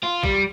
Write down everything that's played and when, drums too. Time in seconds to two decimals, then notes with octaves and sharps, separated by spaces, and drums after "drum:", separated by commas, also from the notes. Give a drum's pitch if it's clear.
0.04 F4
0.24 G3, drum: kick